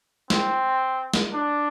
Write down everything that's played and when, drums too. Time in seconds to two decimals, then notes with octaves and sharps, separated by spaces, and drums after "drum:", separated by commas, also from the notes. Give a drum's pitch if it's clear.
0.30 C4, drum: snare
1.14 drum: snare
1.33 D4